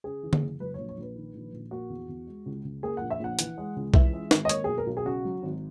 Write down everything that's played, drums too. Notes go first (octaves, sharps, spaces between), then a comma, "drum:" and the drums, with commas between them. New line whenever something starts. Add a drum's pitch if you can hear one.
C#3 G#4
E3
drum: tom D3
F#1
F#3 B4
A#1 C#5
C#5
A#1 B4
D#3
A#1
A#1
A#3 F#4
E2
E2
G#3
C#2
C#2
A#3 G#4
A#1 F#5
E5
A#1 F#5
E3, drum: hi-hat
G#3
C#2
E3 E5, drum: kick B1
G#3
G#1, drum: snare
D#5
A#3 C#5, drum: hi-hat
B1 G#4
A#4
B1
G#4
C#3 F#4
F#3
G#1